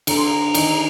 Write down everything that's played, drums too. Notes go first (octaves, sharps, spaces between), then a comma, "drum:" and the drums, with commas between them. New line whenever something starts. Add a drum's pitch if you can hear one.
D3 A#5, drum: cymbal
C6
A#5
D#3, drum: cymbal